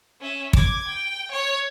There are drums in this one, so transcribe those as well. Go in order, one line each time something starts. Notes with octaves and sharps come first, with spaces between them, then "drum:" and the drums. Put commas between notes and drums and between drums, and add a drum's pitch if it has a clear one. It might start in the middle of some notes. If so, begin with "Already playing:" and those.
C#4 E5
D6 G#6, drum: kick
G5
C#5